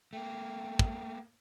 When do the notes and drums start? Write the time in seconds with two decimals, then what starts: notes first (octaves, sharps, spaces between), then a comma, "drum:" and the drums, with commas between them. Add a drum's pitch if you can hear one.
0.13 A3 A#3 G5
0.79 drum: kick